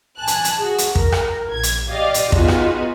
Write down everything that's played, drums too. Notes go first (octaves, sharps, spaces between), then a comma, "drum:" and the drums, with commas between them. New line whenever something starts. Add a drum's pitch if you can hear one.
G#5 A5 F#6
drum: hi-hat
drum: hi-hat
F#4 G#4
drum: hi-hat
A#4, drum: kick
drum: rim click
A#1 G#6
drum: hi-hat
G4 D5 D#5 F5
drum: hi-hat
B3 D#4 F4 F#4 G#4, drum: kick
drum: rim click